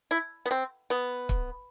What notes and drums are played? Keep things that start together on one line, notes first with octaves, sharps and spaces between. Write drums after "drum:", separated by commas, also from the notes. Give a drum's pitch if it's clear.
E4
B3
C4
B3
drum: kick